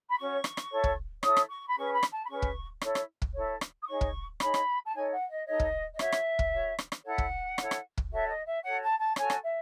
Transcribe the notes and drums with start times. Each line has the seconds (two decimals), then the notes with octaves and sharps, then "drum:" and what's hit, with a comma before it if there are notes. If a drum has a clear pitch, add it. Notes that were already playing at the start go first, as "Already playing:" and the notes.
0.08 B5
0.18 C#4 F#4 C#5 C#6
0.44 drum: rim click
0.57 drum: rim click
0.71 E4 A4 C#5
0.84 drum: kick
1.23 E4 A4 C#5 D#6, drum: rim click
1.37 drum: rim click
1.49 C#6
1.68 B5
1.76 C#4 G#4 B4 C#6
1.93 B5
2.03 drum: rim click
2.12 A5
2.24 B5
2.29 C#4 G#4 B4 C#6
2.42 drum: kick
2.81 E4 A4 C#5, drum: rim click
2.95 drum: rim click
3.22 drum: kick
3.34 E4 A4 C#5
3.61 drum: rim click
3.82 D#6
3.87 D#4 G#4 C#5 C#6
4.01 drum: kick
4.40 D#4 G#4 C#5 B5, drum: rim click
4.54 drum: rim click
4.85 A5
4.93 D#4 A4 C#5 G#5
5.11 F#5
5.29 D#5
5.46 D#4 A4 C#5 D#5
5.60 drum: kick
5.94 D#5
5.99 F#4 C#5 E5, drum: rim click
6.12 drum: rim click
6.39 drum: kick
6.52 F#4 C#5
6.79 drum: rim click
6.92 drum: rim click
7.04 E4 A4 C#5 F#5
7.18 drum: kick
7.58 E4 A4 C#5, drum: rim click
7.71 drum: rim click
7.98 drum: kick
8.10 F#4 A4 C#5 E5
8.28 D#5
8.46 E5
8.63 F#4 A4 C#5 F#5
8.82 A5
8.98 A5
9.16 F#4 A4 C#5 G#5, drum: rim click
9.30 drum: rim click
9.43 E5